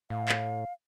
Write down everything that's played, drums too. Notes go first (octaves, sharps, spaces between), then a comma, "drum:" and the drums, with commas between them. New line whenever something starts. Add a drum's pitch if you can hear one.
A2 F5
drum: clap